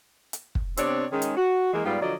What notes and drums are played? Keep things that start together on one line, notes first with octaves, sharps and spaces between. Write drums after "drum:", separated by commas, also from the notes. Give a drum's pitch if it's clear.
drum: hi-hat
drum: kick
C3 B3 C4 D4 C#5 D5, drum: hi-hat
D#3 G#3 C#4
drum: hi-hat
F#4
E3 G#3 A#3
G#2 G3 B3 F4 D5
D3 F3 F#3 D5 D#5